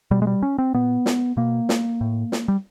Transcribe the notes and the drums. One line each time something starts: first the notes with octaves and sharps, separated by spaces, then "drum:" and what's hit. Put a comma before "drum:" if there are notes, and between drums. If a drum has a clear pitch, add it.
B2 G3
G#3
G3
C#4
C4
A#2 B3
drum: snare
B2 A#3
drum: snare
A2
drum: snare
G3